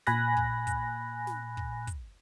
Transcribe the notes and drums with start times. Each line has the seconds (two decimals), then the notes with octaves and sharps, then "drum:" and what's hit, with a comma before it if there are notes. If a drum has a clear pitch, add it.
0.07 A#2 G#5 B5 F#6 A#6, drum: snare
0.37 drum: kick
0.67 drum: kick, hi-hat
1.27 drum: snare
1.57 drum: kick
1.87 drum: kick, hi-hat